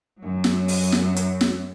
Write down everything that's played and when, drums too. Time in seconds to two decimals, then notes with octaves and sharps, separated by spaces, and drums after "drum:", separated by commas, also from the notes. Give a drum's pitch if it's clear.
0.20 F#2 F#3
0.44 drum: snare
0.68 drum: open hi-hat
0.92 drum: snare
1.16 drum: hi-hat
1.41 drum: snare